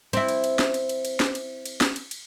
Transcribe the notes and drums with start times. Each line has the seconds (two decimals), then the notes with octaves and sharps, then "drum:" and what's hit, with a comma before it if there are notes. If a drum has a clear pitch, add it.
0.13 C4 E4, drum: cymbal
0.28 drum: cymbal
0.44 drum: cymbal
0.59 drum: snare
0.74 drum: cymbal
0.89 drum: cymbal
1.05 drum: cymbal
1.20 drum: snare
1.35 drum: cymbal
1.65 drum: cymbal
1.81 drum: snare
1.96 drum: cymbal
2.11 drum: cymbal